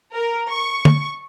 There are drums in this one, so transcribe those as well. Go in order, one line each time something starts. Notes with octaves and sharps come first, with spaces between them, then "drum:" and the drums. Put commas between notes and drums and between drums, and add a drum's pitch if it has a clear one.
A#4
C#6
drum: tom